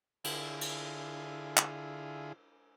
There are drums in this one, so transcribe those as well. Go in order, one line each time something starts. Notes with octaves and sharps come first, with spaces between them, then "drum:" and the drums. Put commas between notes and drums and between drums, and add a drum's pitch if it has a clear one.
D3 E4 F4 G#4, drum: cymbal
drum: cymbal
drum: clap